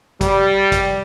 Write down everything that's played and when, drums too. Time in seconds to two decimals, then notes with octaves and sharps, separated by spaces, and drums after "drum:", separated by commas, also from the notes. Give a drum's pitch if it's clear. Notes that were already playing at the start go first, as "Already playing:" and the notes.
0.21 G3, drum: kick, hi-hat
0.72 drum: kick, hi-hat